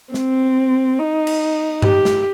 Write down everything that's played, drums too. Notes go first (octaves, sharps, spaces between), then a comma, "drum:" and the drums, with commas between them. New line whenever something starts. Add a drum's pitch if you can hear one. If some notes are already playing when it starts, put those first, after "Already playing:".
C4, drum: snare
D#4
drum: cymbal
G4, drum: tom G2
drum: snare